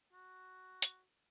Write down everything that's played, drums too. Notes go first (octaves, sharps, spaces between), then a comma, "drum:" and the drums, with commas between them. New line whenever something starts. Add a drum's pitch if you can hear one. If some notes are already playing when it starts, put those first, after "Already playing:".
F#4
drum: hi-hat